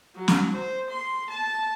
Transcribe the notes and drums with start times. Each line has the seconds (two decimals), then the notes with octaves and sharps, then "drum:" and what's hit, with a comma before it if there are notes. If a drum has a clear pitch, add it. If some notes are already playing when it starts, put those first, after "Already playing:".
0.16 F#3
0.28 drum: snare
0.54 C5
0.90 C6
1.30 A5